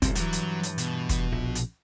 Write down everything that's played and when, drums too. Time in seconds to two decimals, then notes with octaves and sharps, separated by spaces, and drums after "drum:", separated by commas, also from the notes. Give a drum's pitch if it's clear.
0.02 D1 C2 C4, drum: kick, hi-hat
0.15 G2 E3 F#3, drum: hi-hat
0.33 drum: hi-hat
0.63 drum: hi-hat
0.78 B2, drum: hi-hat
1.09 drum: kick, hi-hat
1.32 A#1
1.55 drum: hi-hat